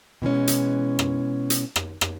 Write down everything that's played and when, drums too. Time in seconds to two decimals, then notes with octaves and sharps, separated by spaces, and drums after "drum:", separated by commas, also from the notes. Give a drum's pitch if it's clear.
0.22 B2 E3 G#3 C#4
0.47 drum: hi-hat
0.99 drum: rim click
1.50 drum: hi-hat
1.76 drum: rim click
2.01 drum: rim click